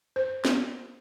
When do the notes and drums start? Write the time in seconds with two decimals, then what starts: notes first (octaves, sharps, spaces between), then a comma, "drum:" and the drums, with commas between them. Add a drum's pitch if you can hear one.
0.16 C5
0.45 drum: snare